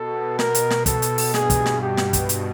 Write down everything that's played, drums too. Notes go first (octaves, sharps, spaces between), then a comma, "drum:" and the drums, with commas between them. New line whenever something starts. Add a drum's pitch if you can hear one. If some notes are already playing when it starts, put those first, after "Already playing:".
Already playing: B2 A4
A#4, drum: snare
drum: hi-hat
drum: snare
B2 A4, drum: kick, hi-hat
drum: hi-hat
drum: open hi-hat
G2 G#4, drum: snare
drum: kick, hi-hat
drum: snare
G4
drum: snare
drum: kick, hi-hat
drum: hi-hat